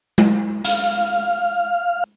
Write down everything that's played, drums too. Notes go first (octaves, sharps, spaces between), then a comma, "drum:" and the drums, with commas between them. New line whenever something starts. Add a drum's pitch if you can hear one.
drum: tom G#3
F5, drum: hi-hat